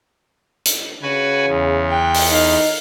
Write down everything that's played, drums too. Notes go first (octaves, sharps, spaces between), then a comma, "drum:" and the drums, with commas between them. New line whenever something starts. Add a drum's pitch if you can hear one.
drum: hi-hat
C#3 F#4 B4 G#5
E2
G5 F#6
drum: open hi-hat
D#4 F5